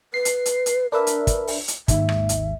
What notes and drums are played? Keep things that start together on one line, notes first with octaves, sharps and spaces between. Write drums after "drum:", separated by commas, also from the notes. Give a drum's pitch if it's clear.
B4 C7
drum: hi-hat
drum: hi-hat
drum: hi-hat
D4 A#4 B4 E5
drum: hi-hat
drum: kick, hi-hat
drum: open hi-hat
drum: hi-hat
G#1 D#2 G#2 E5, drum: kick, hi-hat
drum: rim click
drum: hi-hat